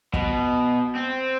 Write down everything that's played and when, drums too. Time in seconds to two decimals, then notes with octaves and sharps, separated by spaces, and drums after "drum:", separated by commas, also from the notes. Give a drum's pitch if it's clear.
0.14 B2, drum: kick
0.96 C4